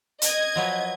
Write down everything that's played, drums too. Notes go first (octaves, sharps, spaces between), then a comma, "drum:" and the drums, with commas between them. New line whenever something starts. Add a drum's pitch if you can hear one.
D#5 G#6, drum: hi-hat
F3 F#3 B4